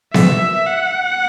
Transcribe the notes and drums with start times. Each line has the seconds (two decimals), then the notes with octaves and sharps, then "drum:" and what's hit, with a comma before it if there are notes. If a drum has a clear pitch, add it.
0.14 E5, drum: snare B3
0.67 F#5